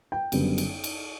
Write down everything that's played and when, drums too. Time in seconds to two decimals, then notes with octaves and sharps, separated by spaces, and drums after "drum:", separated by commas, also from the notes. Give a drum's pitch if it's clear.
0.12 G5
0.32 F#1 F#2 D3 G3 B3, drum: cymbal
0.58 drum: cymbal
0.84 drum: cymbal